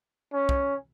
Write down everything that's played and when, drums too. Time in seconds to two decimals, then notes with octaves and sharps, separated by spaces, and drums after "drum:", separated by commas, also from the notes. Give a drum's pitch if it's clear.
0.33 C#4
0.49 drum: kick